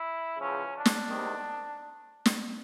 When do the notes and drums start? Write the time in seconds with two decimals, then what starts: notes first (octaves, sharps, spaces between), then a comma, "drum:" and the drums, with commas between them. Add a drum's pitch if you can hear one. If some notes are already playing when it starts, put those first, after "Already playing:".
Already playing: E4
0.39 E2 C#3 F3 C#4
0.74 D4
0.85 drum: snare
1.09 E2 C3 D#3
2.26 drum: snare